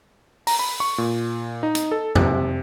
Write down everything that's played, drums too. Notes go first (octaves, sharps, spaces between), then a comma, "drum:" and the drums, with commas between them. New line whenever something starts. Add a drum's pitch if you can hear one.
A#5, drum: open hi-hat
B5
C#6
A#2
D#4
drum: hi-hat
A4
C3, drum: tom F2